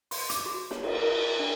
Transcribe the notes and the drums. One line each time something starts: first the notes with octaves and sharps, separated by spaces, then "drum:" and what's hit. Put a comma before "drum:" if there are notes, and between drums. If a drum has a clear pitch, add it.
C6, drum: open hi-hat
D6, drum: hi-hat
F#4
C#5, drum: snare
drum: cymbal
A#4
D4